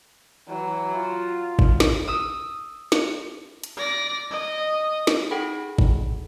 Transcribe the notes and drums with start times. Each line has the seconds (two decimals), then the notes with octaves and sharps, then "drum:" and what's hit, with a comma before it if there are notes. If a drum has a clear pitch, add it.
0.49 E3 F#3
0.95 F4
1.59 drum: kick
1.80 drum: snare
2.08 D#6 E6
2.92 drum: snare
3.64 drum: hi-hat
3.77 D5 A#6
4.31 D#5
5.07 drum: snare
5.31 D#4 G#4 A4 F#5 G5 B5
5.78 drum: kick